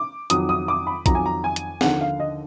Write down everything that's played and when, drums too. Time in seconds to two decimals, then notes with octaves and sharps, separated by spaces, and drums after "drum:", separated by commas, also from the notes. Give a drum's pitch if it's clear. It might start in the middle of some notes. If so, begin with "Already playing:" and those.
Already playing: D6
0.30 F2 D#3 F#3 D#6, drum: hi-hat
0.49 D#6
0.68 D6
0.87 B5
1.06 F2 D#3 F#3 A#5, drum: kick, hi-hat
1.15 G#5
1.26 A#5
1.44 G#5
1.56 drum: hi-hat
1.81 D#2 D3 F3 F#5, drum: snare
2.01 F5
2.20 D#5